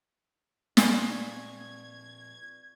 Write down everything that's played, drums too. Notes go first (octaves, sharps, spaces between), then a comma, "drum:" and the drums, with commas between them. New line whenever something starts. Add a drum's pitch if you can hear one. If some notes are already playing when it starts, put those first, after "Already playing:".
A#2 C4 D5 F5 G#5 C#6 G#6, drum: snare